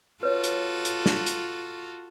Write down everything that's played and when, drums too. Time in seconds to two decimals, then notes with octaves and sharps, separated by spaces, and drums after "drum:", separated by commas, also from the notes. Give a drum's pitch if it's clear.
0.23 F4 F#4 A4 B4 C#5
0.44 drum: hi-hat
0.85 drum: hi-hat
1.06 drum: snare
1.26 drum: hi-hat